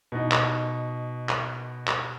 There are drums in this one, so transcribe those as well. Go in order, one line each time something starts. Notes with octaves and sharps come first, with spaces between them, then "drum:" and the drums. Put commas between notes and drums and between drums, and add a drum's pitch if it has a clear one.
B2 D#4
drum: clap
drum: clap
drum: clap